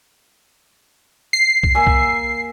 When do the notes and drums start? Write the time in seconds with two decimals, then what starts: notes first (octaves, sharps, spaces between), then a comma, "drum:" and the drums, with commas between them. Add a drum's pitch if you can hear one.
1.33 C7
1.63 drum: kick B1
1.75 A#3 E5 G#5
1.87 drum: kick B1